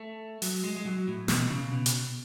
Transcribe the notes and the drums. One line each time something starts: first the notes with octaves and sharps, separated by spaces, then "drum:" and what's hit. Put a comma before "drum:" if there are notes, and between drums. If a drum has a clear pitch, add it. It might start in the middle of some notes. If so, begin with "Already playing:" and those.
Already playing: A3
F#3, drum: open hi-hat
G#3
G#3
F#3
A2
B2, drum: snare
C#3
B2
drum: hi-hat